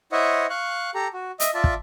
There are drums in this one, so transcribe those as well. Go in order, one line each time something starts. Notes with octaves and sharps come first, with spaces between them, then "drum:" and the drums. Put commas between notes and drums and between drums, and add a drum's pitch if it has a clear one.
E4 C5 C#5 D#5 E5 F#5
F5 C#6 F#6
G4 A4 A#5
F#4
D#5 E5, drum: hi-hat
F4 D5 E5 A5
drum: kick